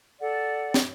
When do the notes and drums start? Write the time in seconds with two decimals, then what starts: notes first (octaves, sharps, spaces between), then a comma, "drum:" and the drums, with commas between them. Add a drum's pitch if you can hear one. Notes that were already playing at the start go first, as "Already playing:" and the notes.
0.20 A4 D5 F#5
0.74 drum: snare